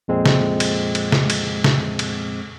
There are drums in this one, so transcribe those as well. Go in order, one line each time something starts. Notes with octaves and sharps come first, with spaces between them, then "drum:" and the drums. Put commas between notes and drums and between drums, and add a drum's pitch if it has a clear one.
F2 A#2 G#3 C4
drum: snare
drum: cymbal
drum: cymbal
drum: snare
drum: cymbal
drum: snare
drum: cymbal